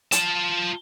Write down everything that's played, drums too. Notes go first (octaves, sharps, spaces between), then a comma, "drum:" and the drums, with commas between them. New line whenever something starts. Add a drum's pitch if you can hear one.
F4 A5, drum: hi-hat